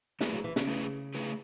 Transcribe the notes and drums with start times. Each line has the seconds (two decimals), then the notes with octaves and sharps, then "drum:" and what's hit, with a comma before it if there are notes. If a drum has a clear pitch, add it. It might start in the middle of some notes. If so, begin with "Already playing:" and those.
0.21 G#3 A3 E4 G#4 B4, drum: snare
0.33 F#3
0.44 E3
0.56 C#3, drum: snare
0.67 A3 E4 G#4 B4
1.14 A3 E4 G#4 B4